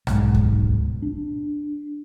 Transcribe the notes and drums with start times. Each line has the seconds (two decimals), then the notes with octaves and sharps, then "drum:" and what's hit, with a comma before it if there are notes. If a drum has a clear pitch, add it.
0.07 B1 G#2, drum: rim click
0.34 drum: kick D2
1.03 D4